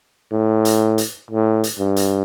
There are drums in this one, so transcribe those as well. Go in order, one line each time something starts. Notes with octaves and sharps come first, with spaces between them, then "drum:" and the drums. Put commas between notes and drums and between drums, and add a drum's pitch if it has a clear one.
A2
drum: hi-hat
drum: hi-hat
A2
drum: hi-hat
G2
drum: hi-hat